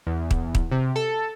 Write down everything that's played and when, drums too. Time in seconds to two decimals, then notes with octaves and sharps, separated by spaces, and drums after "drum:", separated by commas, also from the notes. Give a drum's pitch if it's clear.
0.07 E2
0.31 drum: kick
0.55 drum: kick
0.71 C3
0.96 A4